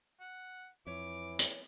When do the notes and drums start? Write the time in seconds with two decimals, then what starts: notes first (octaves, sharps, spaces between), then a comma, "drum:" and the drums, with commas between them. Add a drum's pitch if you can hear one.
0.21 F#5
0.87 F2 E3 C#5 E5 D6
1.39 drum: hi-hat